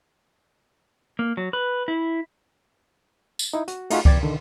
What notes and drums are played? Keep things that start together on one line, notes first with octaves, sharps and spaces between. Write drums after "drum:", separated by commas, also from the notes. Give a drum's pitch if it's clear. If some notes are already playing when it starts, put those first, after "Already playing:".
A#3
F#3
B4
E4
drum: tambourine
D#4 E4
F#4, drum: hi-hat
A3 D#4 F4 F#4 G#4, drum: cymbal
E2 D5 G5 G#6 A6, drum: kick C#2
D3 D#3